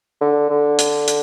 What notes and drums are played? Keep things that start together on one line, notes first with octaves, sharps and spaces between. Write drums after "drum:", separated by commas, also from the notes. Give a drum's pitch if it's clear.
D3
D3
drum: hi-hat
drum: hi-hat